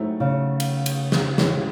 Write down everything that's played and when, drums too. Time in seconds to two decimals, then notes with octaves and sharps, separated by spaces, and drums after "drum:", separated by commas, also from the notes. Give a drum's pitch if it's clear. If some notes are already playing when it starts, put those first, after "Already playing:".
Already playing: G#2 F#3 A3 C4 E4
0.20 C#3
0.60 drum: cymbal
0.86 drum: cymbal
1.12 drum: snare
1.38 A2 E3 G#3 C#4, drum: snare